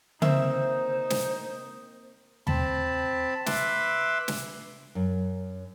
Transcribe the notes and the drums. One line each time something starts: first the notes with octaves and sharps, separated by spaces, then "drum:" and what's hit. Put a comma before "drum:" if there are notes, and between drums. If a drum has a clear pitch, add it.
A#3 C4 D#4 C5 E5, drum: tom C#3
drum: snare
C4 A5 B5, drum: tom D#2
B4 E5 B5 C6 D6 E6, drum: snare
drum: snare
F#2